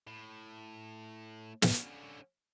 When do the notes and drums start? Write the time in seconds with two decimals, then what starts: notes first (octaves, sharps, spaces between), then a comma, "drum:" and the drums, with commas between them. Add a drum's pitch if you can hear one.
0.07 A2
1.62 D3 C#4, drum: snare